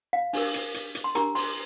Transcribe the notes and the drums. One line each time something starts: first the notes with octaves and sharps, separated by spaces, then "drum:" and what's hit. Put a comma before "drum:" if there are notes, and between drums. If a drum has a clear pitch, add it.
F5
D4 G4 A#4, drum: open hi-hat
drum: hi-hat
drum: hi-hat
drum: hi-hat
C6
D4 G4 A#4 A#5, drum: hi-hat
C6, drum: open hi-hat